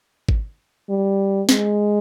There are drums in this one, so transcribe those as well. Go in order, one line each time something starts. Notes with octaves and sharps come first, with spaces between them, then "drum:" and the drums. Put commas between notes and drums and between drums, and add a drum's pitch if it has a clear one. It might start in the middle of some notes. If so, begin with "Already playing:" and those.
drum: kick G#1
G3
G#3, drum: snare